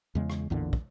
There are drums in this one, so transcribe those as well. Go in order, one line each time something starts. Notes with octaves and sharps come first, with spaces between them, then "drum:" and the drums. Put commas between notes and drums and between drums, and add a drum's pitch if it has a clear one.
E2 C#3 G#3
drum: rim click
A1 E2 A#2 D3
drum: kick